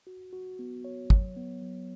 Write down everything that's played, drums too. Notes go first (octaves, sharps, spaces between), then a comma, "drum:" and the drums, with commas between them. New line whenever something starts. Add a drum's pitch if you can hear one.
F#4
F#4
B3
C#5
F#3, drum: kick
B3
F#3